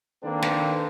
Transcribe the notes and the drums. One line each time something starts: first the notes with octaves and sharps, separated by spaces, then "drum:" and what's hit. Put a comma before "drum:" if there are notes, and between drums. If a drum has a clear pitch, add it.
D#3 A#3 C4 D4 A4 B4
drum: snare